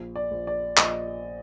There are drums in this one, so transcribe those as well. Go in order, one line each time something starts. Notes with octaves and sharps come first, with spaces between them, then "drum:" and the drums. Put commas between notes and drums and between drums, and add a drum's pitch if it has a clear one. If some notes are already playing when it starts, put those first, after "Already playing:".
Already playing: A#1
D5
A#1
D5
A#1 D#5, drum: clap